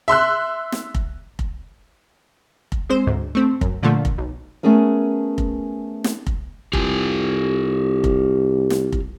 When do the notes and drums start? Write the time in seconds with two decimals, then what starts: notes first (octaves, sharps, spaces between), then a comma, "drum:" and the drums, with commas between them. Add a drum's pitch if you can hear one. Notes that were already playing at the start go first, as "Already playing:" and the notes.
0.08 E5 C6 E6 F#6
0.72 drum: snare
0.95 drum: kick F1
1.39 drum: kick F1
2.72 drum: kick F1
2.90 G#3 C4 C5
3.07 D2 G#2
3.35 A3 C4
3.61 F#2, drum: kick F1
3.83 A#2 D3 F3 A3
4.05 drum: kick F1
4.18 B1
4.63 A3 B3 C#4 G#4 A#4
5.38 drum: kick F1
6.04 drum: snare
6.27 drum: kick F1
6.73 C2 F4 G4 G#5, drum: kick F1
8.04 drum: kick F1
8.70 drum: snare
8.93 drum: kick F1